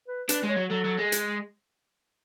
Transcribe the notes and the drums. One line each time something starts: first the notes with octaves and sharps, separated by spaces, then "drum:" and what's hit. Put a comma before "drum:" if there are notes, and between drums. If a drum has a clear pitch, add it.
B4
D4 B4, drum: hi-hat
G#3
C#5
F#3
F#3 A4
F#3
G#3
drum: hi-hat